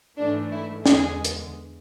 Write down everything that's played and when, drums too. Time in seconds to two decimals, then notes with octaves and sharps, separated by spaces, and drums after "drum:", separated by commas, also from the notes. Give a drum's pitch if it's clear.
0.18 G#2 E3 A3 D4
0.52 E4
0.86 E2 D3 G#3 G#4, drum: snare
1.24 drum: hi-hat